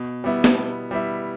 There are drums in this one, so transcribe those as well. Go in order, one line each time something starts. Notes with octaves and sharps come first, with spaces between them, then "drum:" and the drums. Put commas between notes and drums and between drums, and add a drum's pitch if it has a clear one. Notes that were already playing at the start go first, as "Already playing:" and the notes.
Already playing: B2
G3 B3 E4
drum: snare
B2
G3 B3 E4